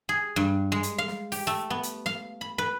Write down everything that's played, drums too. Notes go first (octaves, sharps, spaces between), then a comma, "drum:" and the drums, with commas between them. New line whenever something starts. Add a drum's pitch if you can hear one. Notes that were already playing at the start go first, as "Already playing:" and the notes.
G#4
G2
G#3
drum: hi-hat
F5
drum: snare
G4, drum: open hi-hat
A3
B3
drum: hi-hat
F5, drum: snare
B5
B4